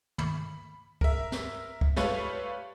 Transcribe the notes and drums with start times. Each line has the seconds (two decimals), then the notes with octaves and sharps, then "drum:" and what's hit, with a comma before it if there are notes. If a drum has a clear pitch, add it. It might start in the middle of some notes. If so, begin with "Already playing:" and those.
0.18 B5, drum: tom
1.01 A#4 E5, drum: kick
1.32 drum: snare
1.81 drum: kick
1.96 G3 A3 F4 A4 B4 C#5, drum: snare